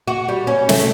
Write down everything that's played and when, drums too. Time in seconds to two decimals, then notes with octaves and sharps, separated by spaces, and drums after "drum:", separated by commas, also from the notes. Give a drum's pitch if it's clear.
0.08 F#4
0.29 G3
0.47 C#4
0.69 A3, drum: snare